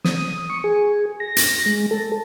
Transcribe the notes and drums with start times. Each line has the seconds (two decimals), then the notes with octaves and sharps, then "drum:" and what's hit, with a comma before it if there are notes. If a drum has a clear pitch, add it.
0.04 D#6, drum: snare
0.50 C#6
0.64 G#4
1.20 A#6
1.36 drum: hi-hat
1.66 G#3
1.91 A4